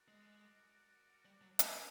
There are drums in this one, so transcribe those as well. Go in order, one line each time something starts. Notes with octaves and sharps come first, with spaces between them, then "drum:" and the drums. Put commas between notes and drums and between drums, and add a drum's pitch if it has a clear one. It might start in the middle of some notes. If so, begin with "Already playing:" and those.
Already playing: F#4 A#4 D5 F#5
G#3
G3
F#3
G3, drum: hi-hat